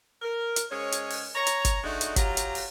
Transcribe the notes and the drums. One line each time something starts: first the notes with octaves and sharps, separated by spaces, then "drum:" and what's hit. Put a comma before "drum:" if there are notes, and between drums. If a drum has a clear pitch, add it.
A#4
drum: hi-hat
G#2 G#3 C#4 C#5
drum: hi-hat
drum: open hi-hat
C#5 A#5
drum: hi-hat
drum: kick, hi-hat
G#3 A3 D4 D#4 F#4
drum: hi-hat
F#3 F4 G4 A#5, drum: kick, hi-hat
drum: hi-hat
drum: open hi-hat